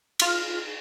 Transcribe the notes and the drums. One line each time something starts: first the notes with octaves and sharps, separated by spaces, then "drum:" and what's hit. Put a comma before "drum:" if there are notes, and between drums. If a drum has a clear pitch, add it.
F4 F6, drum: cymbal